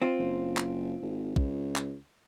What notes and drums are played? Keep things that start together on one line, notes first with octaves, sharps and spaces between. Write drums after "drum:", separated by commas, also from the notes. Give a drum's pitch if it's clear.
C4 F4
F#1
drum: clap
G#1
C#2, drum: kick
drum: clap